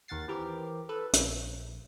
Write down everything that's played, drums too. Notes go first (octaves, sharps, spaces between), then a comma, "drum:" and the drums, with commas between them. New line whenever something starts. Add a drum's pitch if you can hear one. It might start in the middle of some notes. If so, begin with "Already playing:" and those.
D#2 D#3 F5 F#5 A6 C7
E3 C4 G4 A#4
A4 B4
A#1, drum: hi-hat